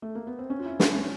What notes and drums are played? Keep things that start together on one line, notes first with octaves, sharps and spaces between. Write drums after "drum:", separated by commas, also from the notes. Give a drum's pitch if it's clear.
A3
A#3
B3
C4
C#4
F4
E4
D4, drum: snare
C#4